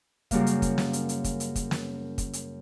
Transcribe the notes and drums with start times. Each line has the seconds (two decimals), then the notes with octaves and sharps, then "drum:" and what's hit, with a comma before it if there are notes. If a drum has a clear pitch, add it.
0.31 F#2 C#3 G3 A#3 F5, drum: kick, hi-hat
0.47 drum: hi-hat
0.62 drum: kick, hi-hat
0.78 drum: snare
0.93 drum: hi-hat
1.09 drum: hi-hat
1.24 drum: kick, hi-hat
1.40 drum: hi-hat
1.56 drum: kick, hi-hat
1.71 drum: snare
2.18 drum: kick, hi-hat
2.33 drum: hi-hat